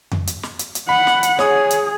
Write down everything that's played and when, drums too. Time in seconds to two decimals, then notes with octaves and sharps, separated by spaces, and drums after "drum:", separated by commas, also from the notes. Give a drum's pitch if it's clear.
0.12 drum: tom F2
0.27 drum: hi-hat
0.43 drum: snare
0.59 drum: hi-hat
0.75 drum: hi-hat
0.89 F#5 B5
1.07 drum: snare
1.23 drum: hi-hat
1.39 G#4 C#5 D#6, drum: snare
1.71 drum: hi-hat